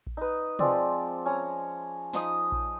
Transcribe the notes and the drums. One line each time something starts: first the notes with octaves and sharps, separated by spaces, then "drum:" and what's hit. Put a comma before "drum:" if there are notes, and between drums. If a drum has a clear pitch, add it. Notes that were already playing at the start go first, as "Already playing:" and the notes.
drum: kick A#1
D#4 B4
F3 G#3 C4 D5, drum: tom
C#4 C#5 A#5
F3 D#4 D#6, drum: snare
drum: kick A#1